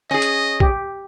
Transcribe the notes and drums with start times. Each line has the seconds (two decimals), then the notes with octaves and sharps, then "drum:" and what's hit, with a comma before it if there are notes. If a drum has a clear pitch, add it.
0.11 C#4 G#4 D#5
0.22 drum: hi-hat
0.60 G4, drum: kick